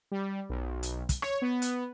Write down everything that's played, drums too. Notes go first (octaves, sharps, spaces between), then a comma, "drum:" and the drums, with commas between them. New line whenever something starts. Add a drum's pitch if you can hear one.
G3
B1
drum: hi-hat
drum: kick, hi-hat
C#5, drum: rim click
B3
drum: hi-hat